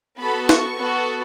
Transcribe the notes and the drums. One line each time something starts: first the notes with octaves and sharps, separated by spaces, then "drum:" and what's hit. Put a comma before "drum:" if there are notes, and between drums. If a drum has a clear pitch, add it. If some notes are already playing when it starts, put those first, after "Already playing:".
B3 F#4 A4 B5
C#6, drum: snare
B3 F#4 A4